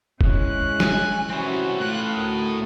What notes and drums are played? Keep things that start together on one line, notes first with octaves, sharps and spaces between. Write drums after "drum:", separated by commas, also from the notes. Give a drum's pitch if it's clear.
G#3 C#4 E4 F#6, drum: kick
G#5, drum: snare
E3 C4 C#4 E4 F#4
A2 F4 F#6
D2 F#4 A#4 D#6